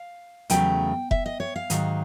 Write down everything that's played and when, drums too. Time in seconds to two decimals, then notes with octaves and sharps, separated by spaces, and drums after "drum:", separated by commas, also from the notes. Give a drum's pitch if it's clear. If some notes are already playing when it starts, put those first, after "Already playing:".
Already playing: F5
0.50 E2 C#3 F#3 A3 G5, drum: hi-hat
1.11 E5, drum: kick F1
1.26 D#5
1.40 C#5
1.56 F5
1.70 G#2 D#3 F#3, drum: hi-hat